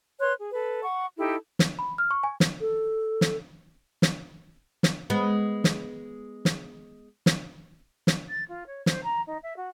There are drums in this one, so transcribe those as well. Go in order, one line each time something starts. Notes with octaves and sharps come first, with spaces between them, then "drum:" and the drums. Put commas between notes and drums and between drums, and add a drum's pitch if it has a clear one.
B4 C#5 C6 F#6
G#4
A4 B4
F#5 C#6
D#4 E4 G4 A4
drum: snare
B5
F6
C#6
G#5
drum: snare
A4
drum: snare
drum: snare
drum: snare
G#3 B3
drum: snare
drum: snare
drum: snare
drum: snare
A6
F4
C#5
C5, drum: snare
A#5
D#4
E5
F#4